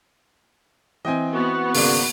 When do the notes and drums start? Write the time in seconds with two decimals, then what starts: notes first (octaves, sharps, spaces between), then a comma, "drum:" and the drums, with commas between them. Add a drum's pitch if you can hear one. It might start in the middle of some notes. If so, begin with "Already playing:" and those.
1.05 E3 C4 D#5 G5 G#5
1.33 B3 F#4
1.75 G#1 C#3 A#3 D5, drum: open hi-hat